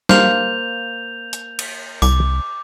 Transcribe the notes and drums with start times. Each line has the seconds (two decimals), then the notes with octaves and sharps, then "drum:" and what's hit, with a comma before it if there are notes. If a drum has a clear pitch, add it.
0.09 A#3 C5 F5 G6 F7, drum: snare
1.33 drum: hi-hat
1.59 drum: cymbal
2.02 C2 D6, drum: tambourine